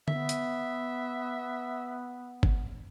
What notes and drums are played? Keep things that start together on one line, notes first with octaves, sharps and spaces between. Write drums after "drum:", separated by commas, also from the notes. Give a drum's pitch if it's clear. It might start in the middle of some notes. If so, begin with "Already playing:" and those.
B3 E5, drum: tom D3
drum: hi-hat
drum: kick